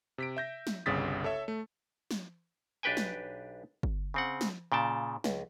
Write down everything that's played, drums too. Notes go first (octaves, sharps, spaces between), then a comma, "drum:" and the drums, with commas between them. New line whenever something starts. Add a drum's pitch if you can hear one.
C3 B6 D7
E5 G6 A#6
drum: snare
G1 C2 C#3 D#6 A6 B6
A4 C#5 E5
A3
drum: snare
B1 D4 G4 B4 G5 G#5
drum: snare
drum: kick G1
C#3 C4 F#5
drum: snare
A#2 C#3 G5 A5
C#2, drum: snare